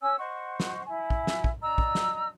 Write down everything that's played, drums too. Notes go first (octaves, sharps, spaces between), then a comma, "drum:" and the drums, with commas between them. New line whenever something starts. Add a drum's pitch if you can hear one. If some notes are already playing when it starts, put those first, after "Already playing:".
C#4 C#5 G#5 E6
C5 D#5 F#5 C#6
drum: snare
E4 G#5
drum: kick
drum: snare
drum: kick
D4 D#5 A#5 E6
drum: kick
drum: snare